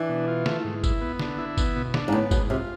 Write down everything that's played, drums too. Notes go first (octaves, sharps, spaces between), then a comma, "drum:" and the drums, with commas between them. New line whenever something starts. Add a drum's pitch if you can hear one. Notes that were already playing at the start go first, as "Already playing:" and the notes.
Already playing: E3 D4
B2
F4
A3, drum: snare
G#2
E4, drum: kick G1, tambourine
B3
D3, drum: snare
E4
B3, drum: kick G1, tambourine
B2
D4, drum: snare
G#2
A2 B3
G#2 B2, drum: kick G1, tambourine
C3 F4